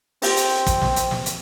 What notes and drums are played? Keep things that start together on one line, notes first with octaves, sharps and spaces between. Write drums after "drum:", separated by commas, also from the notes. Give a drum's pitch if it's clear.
C4 F4 G4, drum: open hi-hat
drum: hi-hat
drum: kick, hi-hat
drum: snare
drum: hi-hat
drum: snare
drum: hi-hat